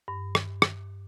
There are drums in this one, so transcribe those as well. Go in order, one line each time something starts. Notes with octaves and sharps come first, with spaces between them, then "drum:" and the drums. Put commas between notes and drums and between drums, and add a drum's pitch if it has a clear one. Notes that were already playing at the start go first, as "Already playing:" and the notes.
G2
drum: rim click
drum: rim click